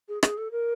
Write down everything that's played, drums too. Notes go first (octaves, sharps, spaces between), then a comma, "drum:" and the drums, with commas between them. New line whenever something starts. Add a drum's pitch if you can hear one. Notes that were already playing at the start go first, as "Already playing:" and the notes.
G#4
G#4, drum: rim click
A4
A#4